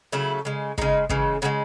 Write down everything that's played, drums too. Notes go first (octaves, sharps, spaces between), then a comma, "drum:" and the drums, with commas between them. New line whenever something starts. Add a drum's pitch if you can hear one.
C#3 F#3 A3 E4
C#3 G#3
C#3 G#3 D#4, drum: kick
C#3 E3 G#3, drum: kick
C#3 E3 G#3 F#4